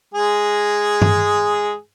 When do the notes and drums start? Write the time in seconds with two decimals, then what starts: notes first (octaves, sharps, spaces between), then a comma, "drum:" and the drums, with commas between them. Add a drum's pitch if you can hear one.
0.14 G#3 G#4
1.02 drum: tom G2